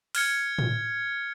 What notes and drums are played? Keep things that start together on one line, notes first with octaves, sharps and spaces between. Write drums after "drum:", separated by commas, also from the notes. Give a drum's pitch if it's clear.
F6 G#6 C#7, drum: open hi-hat
drum: tom A2